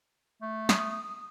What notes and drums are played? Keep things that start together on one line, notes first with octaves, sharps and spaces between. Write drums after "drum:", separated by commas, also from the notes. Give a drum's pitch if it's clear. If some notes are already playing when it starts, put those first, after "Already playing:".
A3
D#6, drum: snare